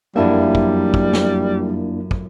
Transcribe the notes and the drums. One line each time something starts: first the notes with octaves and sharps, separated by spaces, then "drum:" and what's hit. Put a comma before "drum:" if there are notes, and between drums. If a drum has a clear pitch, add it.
F1 F#2 G3 A#3 D4 E4 E5
drum: kick
drum: kick
drum: snare
drum: kick